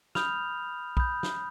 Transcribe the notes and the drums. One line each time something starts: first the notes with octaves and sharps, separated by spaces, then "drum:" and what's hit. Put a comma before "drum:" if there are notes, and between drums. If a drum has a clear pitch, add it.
B5 D#6 F6 G6 F7, drum: snare
B5 D#6 G6, drum: kick
drum: snare